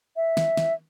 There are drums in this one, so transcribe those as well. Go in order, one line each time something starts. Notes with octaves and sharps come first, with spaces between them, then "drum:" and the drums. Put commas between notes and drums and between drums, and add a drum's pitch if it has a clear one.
E5
drum: snare
drum: snare